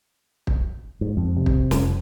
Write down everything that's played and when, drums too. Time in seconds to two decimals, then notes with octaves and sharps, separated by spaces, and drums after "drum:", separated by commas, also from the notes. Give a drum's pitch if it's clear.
0.47 drum: kick
1.01 G#2
1.17 F2
1.37 C3
1.46 drum: kick
1.71 F1, drum: snare